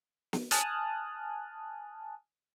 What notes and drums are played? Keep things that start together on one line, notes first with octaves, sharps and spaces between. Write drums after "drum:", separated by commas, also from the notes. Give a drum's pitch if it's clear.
drum: snare
G#5 A5 D#6 F6 F#6, drum: hi-hat